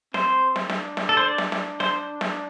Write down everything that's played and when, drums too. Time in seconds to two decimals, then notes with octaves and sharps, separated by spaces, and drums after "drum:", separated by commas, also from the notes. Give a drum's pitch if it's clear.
0.14 C4 C5, drum: snare
0.56 drum: snare
0.70 D4, drum: snare
0.97 drum: snare
1.09 A4
1.17 C5
1.24 D5
1.38 drum: snare
1.52 drum: snare
1.80 C5, drum: snare
2.21 drum: snare